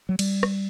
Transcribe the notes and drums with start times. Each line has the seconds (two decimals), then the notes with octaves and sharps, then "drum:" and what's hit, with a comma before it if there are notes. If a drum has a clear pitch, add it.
0.09 F#3
0.19 G3, drum: cymbal
0.43 drum: rim click